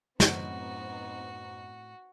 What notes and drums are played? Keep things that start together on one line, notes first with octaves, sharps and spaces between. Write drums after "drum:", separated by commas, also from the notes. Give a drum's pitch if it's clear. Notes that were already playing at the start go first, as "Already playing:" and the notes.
F#2 A2 B3 C4 D#4 F#4, drum: snare